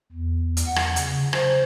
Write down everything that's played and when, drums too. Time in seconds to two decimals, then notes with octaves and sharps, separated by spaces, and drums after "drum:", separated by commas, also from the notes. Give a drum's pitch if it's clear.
0.12 E2
0.57 drum: hi-hat
0.66 F#5
0.76 drum: rim click
0.96 C#3, drum: hi-hat
1.33 C5, drum: rim click